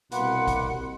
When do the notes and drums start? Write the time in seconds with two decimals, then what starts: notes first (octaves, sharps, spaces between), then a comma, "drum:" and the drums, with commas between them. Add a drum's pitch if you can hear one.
0.12 C2 B2 A#3 B4 F#5 C6, drum: hi-hat
0.48 drum: kick, hi-hat